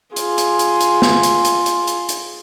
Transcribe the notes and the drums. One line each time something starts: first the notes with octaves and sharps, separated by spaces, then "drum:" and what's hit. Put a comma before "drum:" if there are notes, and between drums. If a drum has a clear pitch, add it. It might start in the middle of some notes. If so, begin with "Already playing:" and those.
F4 G#4, drum: hi-hat
drum: hi-hat
drum: hi-hat
drum: hi-hat
drum: snare
drum: hi-hat
drum: hi-hat
drum: hi-hat
drum: hi-hat
drum: hi-hat